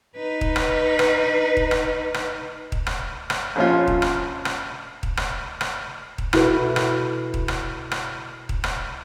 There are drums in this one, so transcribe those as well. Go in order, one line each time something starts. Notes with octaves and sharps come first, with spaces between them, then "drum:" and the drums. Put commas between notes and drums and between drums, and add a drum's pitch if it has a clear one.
D#4 B4
drum: kick D#1
drum: rim click
drum: rim click
drum: kick D#1
drum: rim click
drum: rim click
drum: kick D#1
drum: rim click
drum: rim click
A#1 C#4 F4
drum: kick D#1
drum: rim click
drum: rim click
drum: kick D#1
drum: rim click
drum: rim click
drum: kick D#1
B2 E4 F#4 A4 B4, drum: rim click
drum: rim click
drum: kick D#1
drum: rim click
drum: rim click
drum: kick D#1
drum: rim click